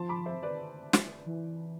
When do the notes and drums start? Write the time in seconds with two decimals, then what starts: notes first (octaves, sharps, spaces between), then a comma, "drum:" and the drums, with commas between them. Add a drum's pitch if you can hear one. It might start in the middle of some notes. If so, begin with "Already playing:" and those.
Already playing: F3 A5 C6
0.09 B5 D6
0.26 C5 E5
0.43 B4 D5
0.93 drum: snare
1.26 E3